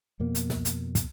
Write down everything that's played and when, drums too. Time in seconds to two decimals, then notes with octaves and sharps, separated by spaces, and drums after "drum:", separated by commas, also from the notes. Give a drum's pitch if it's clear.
0.20 F2 B2 A#3
0.35 drum: hi-hat
0.50 drum: snare
0.65 drum: hi-hat
0.95 drum: kick, hi-hat